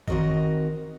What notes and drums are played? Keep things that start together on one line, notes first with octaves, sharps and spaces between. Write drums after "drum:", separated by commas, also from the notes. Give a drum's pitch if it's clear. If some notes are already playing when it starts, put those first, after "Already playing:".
D#3 C4 F#4 A#4 D#5, drum: kick